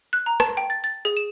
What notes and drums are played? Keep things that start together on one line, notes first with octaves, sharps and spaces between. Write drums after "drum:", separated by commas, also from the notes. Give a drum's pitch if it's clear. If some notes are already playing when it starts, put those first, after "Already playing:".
F#6
A#5
A5, drum: rim click
G5
A6
A6, drum: hi-hat
G#4, drum: hi-hat
E7